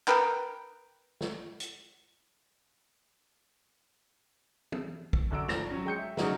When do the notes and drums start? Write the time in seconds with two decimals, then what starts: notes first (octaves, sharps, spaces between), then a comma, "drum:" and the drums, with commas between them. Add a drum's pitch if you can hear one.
0.08 A#4 B4 G5, drum: clap
1.21 drum: snare
1.60 drum: hi-hat
4.72 drum: tom
5.13 drum: kick
5.31 F#2 D3 F#4 E6 D7
5.48 G#1 F3 D4 A#6 E7 F7, drum: snare
5.70 F#3 C#4
5.85 G#3 G5 G6 C#7
5.98 E5
6.17 C#3 F#3 G3 D#4 F#4, drum: snare